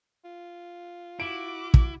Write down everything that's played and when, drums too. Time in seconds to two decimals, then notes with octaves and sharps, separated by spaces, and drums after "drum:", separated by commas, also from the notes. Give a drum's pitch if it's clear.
0.24 F4
1.20 E4 F#4 D6 D7
1.74 drum: kick